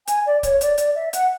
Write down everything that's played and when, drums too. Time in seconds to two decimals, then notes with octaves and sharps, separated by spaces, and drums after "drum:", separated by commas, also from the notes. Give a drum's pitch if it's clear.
0.07 G#5, drum: hi-hat
0.25 D5
0.43 C#5, drum: kick C#1, hi-hat
0.61 D5, drum: hi-hat
0.78 D5, drum: hi-hat
0.96 E5
1.13 F#5, drum: hi-hat